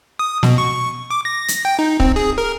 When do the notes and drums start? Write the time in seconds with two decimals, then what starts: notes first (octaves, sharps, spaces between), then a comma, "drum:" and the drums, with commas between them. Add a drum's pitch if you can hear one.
0.19 D#6
0.43 B2, drum: snare
0.58 C#6
1.10 D6
1.25 A#6
1.48 drum: hi-hat
1.65 G5
1.79 D#4
2.00 C4, drum: kick
2.16 G#4
2.38 A#4